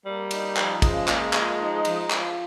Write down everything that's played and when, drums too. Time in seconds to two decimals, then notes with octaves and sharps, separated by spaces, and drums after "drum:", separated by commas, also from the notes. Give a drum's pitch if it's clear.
0.05 G3 A#3
0.31 D#4, drum: cymbal
0.57 F3, drum: clap
0.82 C#3 G#3, drum: kick, cymbal
1.08 A#3, drum: clap
1.33 F3, drum: clap
1.60 D#4
1.85 F3, drum: cymbal
2.10 F3, drum: clap